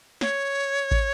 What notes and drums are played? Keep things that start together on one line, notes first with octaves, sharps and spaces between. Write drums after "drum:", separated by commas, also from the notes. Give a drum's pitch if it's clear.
C#5, drum: snare
drum: kick